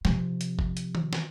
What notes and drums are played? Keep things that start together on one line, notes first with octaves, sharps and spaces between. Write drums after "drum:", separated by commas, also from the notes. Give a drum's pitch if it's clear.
C3 F3, drum: snare
drum: hi-hat
drum: kick
drum: hi-hat
drum: tom D#3
drum: snare